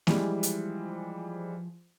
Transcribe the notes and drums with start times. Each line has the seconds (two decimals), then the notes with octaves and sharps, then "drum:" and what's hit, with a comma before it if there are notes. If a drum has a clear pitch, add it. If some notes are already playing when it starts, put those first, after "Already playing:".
0.07 E3 F3 G3 G#3, drum: snare A#3
0.43 drum: hi-hat